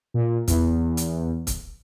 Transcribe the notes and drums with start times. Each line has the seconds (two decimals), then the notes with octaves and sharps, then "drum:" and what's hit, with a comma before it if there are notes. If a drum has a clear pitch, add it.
0.14 A#2
0.48 E2, drum: kick C#1, hi-hat
0.97 drum: hi-hat
1.47 drum: kick C#1, hi-hat